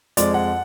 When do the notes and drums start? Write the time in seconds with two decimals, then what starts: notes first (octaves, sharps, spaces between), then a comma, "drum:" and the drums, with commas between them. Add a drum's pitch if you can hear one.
0.17 F2 F3 G#3 D5, drum: hi-hat
0.34 F#5